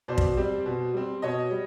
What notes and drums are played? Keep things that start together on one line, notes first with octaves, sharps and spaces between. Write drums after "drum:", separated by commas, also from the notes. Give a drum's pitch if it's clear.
B2 C5 D5
drum: kick
G3 C4
B2
G3 C4
B2 C#5 D#5
G3